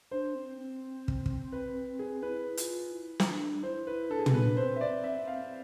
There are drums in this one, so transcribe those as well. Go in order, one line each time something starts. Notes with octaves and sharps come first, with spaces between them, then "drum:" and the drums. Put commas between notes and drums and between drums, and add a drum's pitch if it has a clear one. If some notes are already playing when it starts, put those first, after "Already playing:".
D4 C5
C4
C4
drum: kick
drum: kick
B4
G#4
E4 B4
F4, drum: hi-hat
E4
C4, drum: snare
D4
E4 C5
E4 B4
D4 A4
G#4
A4, drum: tom
D4 B4
C4 C5
E5
D5
C4 E5
C4
F5
C4